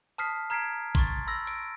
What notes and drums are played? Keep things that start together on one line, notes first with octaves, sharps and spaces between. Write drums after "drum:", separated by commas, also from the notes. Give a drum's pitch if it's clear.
A5 D#6 F6 B6 C7
A#5 F6 G#6 B6 C7 D7
C6 C#6 A6, drum: kick A1, hi-hat
B5 C6 E6 A#6
D7, drum: hi-hat